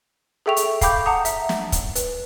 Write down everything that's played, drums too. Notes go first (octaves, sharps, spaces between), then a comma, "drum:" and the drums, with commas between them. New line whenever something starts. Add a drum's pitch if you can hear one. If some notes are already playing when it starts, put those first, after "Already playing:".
G#4 A4 E5 G5 C#6 F7
drum: hi-hat
F5 G5 B5 D6 G6, drum: kick, hi-hat
F#5 A5 A#5 D#6
E5, drum: hi-hat
drum: snare
drum: kick, hi-hat
B4, drum: hi-hat